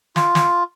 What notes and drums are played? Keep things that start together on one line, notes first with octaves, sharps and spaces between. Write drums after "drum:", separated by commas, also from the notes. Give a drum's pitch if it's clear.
F4, drum: snare
drum: snare